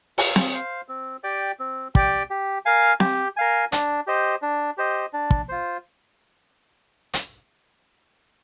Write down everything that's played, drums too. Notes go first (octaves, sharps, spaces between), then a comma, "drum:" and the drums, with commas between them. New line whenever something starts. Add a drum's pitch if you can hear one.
F4, drum: open hi-hat
drum: snare C4
C5 F5
C4
G4 D5 G5
C4
G4 D5 G5, drum: kick
G4
A#4 F5 G#5
G4, drum: snare C4
A#4 F5 G#5
D4, drum: hi-hat
G4 C5 D#5
D4
G4 C5 D#5
D4
drum: kick
F4 C5
drum: hi-hat